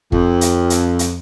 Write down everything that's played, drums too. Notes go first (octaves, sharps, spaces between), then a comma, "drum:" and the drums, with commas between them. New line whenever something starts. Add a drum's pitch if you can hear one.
F2, drum: kick
drum: hi-hat
drum: hi-hat
drum: hi-hat